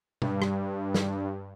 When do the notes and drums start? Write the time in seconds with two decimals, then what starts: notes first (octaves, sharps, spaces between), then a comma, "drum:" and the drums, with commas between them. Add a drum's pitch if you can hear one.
0.22 G2, drum: tom B2
0.42 drum: rim click
0.94 drum: snare